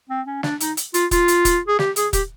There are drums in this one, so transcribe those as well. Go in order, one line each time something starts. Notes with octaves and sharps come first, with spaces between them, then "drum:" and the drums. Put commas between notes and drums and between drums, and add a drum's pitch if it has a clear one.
C4
C#4
D4, drum: snare
D#4, drum: hi-hat
drum: hi-hat
F4, drum: hi-hat
F4, drum: kick, hi-hat
drum: hi-hat
drum: kick, hi-hat
G#4
G4, drum: snare
G#4, drum: hi-hat
G4, drum: kick, hi-hat